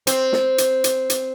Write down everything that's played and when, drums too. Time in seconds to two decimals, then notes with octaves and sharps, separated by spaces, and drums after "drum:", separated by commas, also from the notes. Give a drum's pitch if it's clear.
0.07 C4, drum: hi-hat
0.33 drum: snare
0.58 drum: hi-hat
0.84 drum: hi-hat
1.10 drum: hi-hat